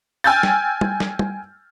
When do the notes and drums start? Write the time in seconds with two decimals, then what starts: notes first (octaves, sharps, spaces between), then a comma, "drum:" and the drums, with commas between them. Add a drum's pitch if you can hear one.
0.24 G5 G#5 E6 F6 G6 A6
0.43 drum: snare
0.81 drum: tom
1.00 drum: snare
1.19 drum: tom